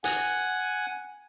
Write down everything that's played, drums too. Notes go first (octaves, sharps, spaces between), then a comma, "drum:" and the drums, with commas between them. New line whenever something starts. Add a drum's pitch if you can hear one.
F#5 G#5, drum: hi-hat